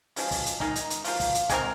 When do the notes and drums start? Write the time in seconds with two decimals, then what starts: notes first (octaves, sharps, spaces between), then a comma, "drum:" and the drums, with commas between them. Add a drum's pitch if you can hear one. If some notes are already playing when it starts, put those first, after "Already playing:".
0.16 C#3 F3 G#3, drum: open hi-hat
0.31 drum: kick, open hi-hat
0.46 drum: hi-hat
0.60 D#3 G#3 D#4, drum: kick
0.75 drum: hi-hat
0.90 drum: hi-hat
1.05 F3 A#3 F4, drum: open hi-hat
1.20 drum: kick, open hi-hat
1.35 drum: hi-hat
1.49 G#3 C4 G4 A#4, drum: kick, hi-hat